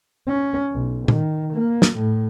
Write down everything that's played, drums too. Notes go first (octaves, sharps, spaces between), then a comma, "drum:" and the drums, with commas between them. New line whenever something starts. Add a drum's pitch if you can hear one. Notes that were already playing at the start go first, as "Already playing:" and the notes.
C#4
B1
D#3, drum: tom A#2
A#3
drum: snare
A2